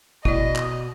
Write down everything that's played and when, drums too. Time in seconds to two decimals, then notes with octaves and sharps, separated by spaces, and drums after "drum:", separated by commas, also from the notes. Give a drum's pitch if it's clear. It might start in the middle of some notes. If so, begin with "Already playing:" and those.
0.25 B2 E4 D5 D#5, drum: kick
0.56 drum: clap